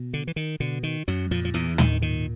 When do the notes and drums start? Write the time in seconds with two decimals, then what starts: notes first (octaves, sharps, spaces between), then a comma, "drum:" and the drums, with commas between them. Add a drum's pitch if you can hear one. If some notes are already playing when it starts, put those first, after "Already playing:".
Already playing: B2
0.13 D3
0.27 E3
0.36 D#3
0.60 B2 D3
0.83 D#3
1.08 F#2 F#3
1.31 F2 A#2 F3
1.45 F3
1.54 E2 E3
1.78 D#3, drum: tom
2.02 A#2 D#3